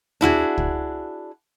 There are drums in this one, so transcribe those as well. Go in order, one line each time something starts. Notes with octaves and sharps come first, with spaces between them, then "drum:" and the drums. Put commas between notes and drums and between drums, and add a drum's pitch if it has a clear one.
D4 E4 F#4 G#4, drum: tom
drum: kick